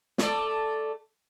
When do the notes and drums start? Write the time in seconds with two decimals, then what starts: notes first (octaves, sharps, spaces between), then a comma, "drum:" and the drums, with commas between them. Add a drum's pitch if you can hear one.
0.18 A3 A4 D5, drum: snare